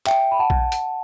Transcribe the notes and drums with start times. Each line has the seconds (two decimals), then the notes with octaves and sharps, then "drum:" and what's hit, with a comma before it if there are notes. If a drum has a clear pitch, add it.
0.06 E5 G5, drum: clap
0.32 B5
0.39 F#5 A5
0.50 drum: kick A#1
0.72 drum: hi-hat